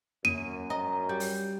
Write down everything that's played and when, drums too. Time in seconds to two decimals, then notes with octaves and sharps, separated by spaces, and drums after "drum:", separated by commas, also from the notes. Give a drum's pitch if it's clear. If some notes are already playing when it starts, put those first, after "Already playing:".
0.25 F#2 A#3 D#7, drum: tom E2
0.70 D#5 A#5
1.09 G3 G6
1.20 drum: open hi-hat